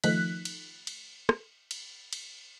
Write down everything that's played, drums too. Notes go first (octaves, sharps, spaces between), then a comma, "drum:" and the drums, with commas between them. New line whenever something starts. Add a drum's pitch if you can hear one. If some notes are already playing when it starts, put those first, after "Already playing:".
D#3 F3 A3 D#4 F#6 B6, drum: cymbal
drum: cymbal
drum: cymbal
drum: rim click
drum: cymbal
drum: cymbal